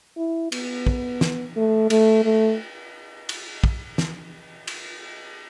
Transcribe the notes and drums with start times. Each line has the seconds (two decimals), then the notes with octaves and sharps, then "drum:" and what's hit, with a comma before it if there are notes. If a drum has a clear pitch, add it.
0.17 E4
0.52 B3, drum: cymbal
0.87 drum: kick
1.21 drum: snare
1.56 A3
1.90 A3, drum: cymbal
2.24 A3
3.29 drum: cymbal
3.64 drum: kick
3.98 drum: snare
4.67 drum: cymbal